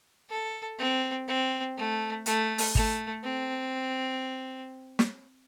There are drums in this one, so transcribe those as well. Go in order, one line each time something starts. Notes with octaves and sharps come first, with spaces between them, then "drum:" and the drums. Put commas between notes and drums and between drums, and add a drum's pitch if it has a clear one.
A4
C4
C4
A3
A3, drum: hi-hat
drum: open hi-hat
A3, drum: kick
C4
drum: snare